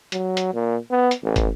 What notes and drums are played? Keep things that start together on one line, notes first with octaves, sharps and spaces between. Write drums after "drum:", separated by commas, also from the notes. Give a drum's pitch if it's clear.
F#3, drum: hi-hat
drum: hi-hat
A#2
B3
drum: hi-hat
A1
drum: kick, hi-hat